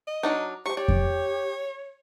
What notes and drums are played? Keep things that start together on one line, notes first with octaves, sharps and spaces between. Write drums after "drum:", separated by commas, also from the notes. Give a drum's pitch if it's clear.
D#5
F#3 D4 D#4
F3 F#3 G4 C#6
G4 C#5 D5
drum: kick F2